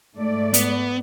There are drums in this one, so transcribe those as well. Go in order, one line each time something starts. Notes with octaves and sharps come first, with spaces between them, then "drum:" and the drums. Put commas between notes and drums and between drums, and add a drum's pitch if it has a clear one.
G#2 A3 D5
B3, drum: hi-hat